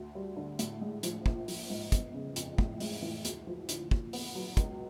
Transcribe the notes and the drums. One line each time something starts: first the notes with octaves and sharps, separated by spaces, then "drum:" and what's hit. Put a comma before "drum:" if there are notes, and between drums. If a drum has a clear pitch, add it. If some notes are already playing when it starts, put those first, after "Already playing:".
Already playing: D2
G3
D3
A2, drum: hi-hat
G#3
F3, drum: hi-hat
A#1, drum: kick
F3, drum: open hi-hat
G#2
G1, drum: kick, hi-hat
C#3
F2, drum: hi-hat
A2, drum: kick
G#3, drum: open hi-hat
E3
D2, drum: hi-hat
F3
D3, drum: hi-hat
A#2, drum: kick
B3, drum: open hi-hat
F#3
C#2, drum: kick, hi-hat